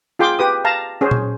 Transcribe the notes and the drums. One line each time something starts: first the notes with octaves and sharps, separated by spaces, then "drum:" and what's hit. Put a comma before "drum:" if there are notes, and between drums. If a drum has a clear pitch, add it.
F4 G#4 G5 C6 D6
G4 B4 D#6
F5 A5 A#5
C#4 G#4 C5
drum: tom A#2